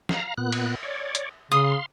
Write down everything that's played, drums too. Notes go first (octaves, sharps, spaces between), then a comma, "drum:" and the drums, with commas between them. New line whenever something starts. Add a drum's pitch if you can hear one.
F5 A#5, drum: snare
A#2 B3 F#6
drum: cymbal
C#5 D5
drum: hi-hat
C#3 F5 C6 D#6